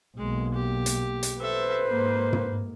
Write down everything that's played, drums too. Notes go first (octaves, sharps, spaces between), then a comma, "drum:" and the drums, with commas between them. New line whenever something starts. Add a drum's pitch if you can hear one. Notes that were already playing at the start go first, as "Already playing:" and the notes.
B1 G#3 A#3
G4
drum: hi-hat
drum: hi-hat
A4 B4 C5 E5
G#2 A#3
drum: tom